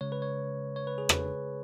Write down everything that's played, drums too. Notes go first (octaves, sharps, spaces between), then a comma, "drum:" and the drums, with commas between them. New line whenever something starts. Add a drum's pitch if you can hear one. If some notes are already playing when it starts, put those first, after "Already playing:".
C#3 G#3 C#5
B4
C#5
C#5
B4
G#4
B4, drum: rim click